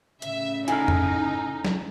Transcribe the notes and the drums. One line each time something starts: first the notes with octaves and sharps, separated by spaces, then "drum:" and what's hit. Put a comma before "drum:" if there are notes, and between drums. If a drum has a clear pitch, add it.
A2 C#3 E5, drum: hi-hat
D#4 E4 A4 F5 G#5 F6, drum: hi-hat
drum: tom F2
drum: snare